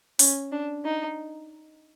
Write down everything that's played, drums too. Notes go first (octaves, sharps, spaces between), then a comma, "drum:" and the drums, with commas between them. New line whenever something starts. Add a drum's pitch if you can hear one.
C#4, drum: open hi-hat
D4
D#4